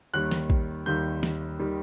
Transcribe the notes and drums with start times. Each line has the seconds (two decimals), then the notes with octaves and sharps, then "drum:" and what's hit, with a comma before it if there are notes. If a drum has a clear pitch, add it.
0.14 D#2 D#3 G3 F#6
0.31 drum: snare
0.50 drum: kick
0.86 D#2 D#3 G3 G6
1.23 drum: snare
1.59 D#3 G3